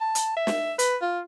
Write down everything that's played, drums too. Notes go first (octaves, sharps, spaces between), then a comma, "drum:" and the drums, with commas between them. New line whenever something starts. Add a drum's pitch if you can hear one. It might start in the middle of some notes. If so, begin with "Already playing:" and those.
A5
drum: hi-hat
E5
drum: snare
B4, drum: hi-hat
F4